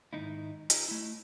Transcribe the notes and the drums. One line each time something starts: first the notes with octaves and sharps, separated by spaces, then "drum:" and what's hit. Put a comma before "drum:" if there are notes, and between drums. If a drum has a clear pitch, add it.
G#2 D#3 D#4 E4
D#4 F4 G4 A#4 C#5 D#5, drum: hi-hat
A3 E4